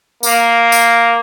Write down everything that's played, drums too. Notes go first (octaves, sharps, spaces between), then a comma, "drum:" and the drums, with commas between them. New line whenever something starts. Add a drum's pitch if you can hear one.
A#3, drum: tambourine
drum: tambourine